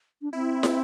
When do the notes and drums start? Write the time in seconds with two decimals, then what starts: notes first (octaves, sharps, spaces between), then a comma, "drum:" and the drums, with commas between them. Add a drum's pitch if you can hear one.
0.22 D4
0.33 C4 E4
0.63 drum: snare